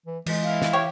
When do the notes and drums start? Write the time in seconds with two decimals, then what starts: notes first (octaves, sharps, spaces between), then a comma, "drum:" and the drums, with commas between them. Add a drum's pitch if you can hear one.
0.06 E3
0.26 E3 G#3, drum: cymbal
0.44 E4 F5
0.62 drum: snare
0.73 G4 C#5